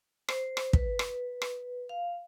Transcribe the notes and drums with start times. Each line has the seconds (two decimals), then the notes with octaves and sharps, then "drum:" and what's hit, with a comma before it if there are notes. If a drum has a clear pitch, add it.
0.29 C5, drum: rim click
0.57 drum: rim click
0.73 B4, drum: kick
0.99 drum: rim click
1.42 drum: rim click
1.89 F5